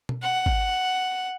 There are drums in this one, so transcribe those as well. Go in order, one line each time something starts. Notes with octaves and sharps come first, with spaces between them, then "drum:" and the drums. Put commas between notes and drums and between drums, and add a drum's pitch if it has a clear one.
drum: tom B2
F#5
drum: kick G#1